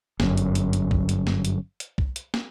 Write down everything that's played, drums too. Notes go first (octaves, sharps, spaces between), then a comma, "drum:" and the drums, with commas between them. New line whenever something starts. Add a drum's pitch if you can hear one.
G1 F#2, drum: snare
drum: hi-hat
drum: hi-hat
drum: hi-hat
drum: kick C2
drum: hi-hat
drum: snare
drum: hi-hat
drum: hi-hat
drum: kick C2
drum: hi-hat
drum: snare